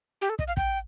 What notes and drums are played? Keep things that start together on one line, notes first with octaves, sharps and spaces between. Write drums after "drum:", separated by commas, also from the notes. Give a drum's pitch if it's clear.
G4
A4
D#5, drum: kick
F5
G5, drum: kick